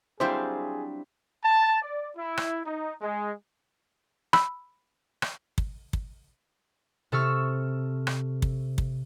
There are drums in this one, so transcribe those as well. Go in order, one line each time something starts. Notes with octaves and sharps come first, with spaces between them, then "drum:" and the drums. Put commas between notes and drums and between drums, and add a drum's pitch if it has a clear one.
F#3 G3 C4 D4 E4 G#4 C5 F5
A5
D5
E4
drum: rim click
D#4
G#3
B5 E6, drum: rim click
drum: rim click
drum: kick
drum: kick
C3 A4 C#6 E6 F6
drum: rim click
drum: kick
drum: kick